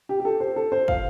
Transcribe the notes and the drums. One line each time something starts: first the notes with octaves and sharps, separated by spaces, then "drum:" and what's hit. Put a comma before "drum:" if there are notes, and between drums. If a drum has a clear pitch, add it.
G4
G4
A4
C5
A4
C5
F5, drum: kick